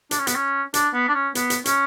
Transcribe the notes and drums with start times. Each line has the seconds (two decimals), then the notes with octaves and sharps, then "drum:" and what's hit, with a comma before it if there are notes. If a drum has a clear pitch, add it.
0.11 D4, drum: hi-hat
0.19 C#4
0.27 B3, drum: hi-hat
0.35 C#4
0.74 D4, drum: hi-hat
0.94 B3
1.08 D4
1.14 C#4
1.35 B3, drum: hi-hat
1.50 drum: hi-hat
1.65 C#4, drum: hi-hat